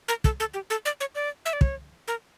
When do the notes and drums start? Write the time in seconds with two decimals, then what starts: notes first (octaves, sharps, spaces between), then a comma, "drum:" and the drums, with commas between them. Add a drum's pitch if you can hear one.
0.08 A#4
0.24 A4, drum: kick
0.40 A4
0.54 G4
0.70 A4
0.85 D5
1.00 C#5
1.15 D5
1.46 E5
1.53 D5
1.61 C#5, drum: kick
2.08 A#4